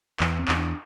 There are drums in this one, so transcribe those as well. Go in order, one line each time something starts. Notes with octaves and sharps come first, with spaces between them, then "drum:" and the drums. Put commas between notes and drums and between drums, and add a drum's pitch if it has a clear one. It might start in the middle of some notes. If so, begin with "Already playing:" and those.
E2 E3, drum: clap
C4
E2, drum: clap
D4